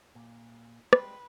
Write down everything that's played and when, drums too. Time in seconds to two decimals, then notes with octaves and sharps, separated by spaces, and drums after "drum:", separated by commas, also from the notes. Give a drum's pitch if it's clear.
0.15 A#2
0.93 G3 G#3 C4 B4, drum: rim click